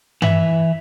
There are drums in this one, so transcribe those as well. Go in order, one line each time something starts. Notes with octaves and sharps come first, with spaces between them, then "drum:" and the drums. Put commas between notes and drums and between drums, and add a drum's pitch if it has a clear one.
E3 E5, drum: tom G2